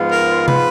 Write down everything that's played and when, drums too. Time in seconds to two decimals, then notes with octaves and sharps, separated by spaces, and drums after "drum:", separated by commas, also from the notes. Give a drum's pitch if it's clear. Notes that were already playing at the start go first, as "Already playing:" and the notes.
Already playing: G#2 F3 G#3 B3 F4
0.12 A#4
0.48 B4, drum: tom